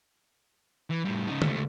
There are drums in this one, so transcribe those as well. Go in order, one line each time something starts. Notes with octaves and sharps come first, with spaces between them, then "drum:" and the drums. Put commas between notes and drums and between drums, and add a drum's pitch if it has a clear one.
E3
A2 G3
C#3 D#4
C#2 A3, drum: tom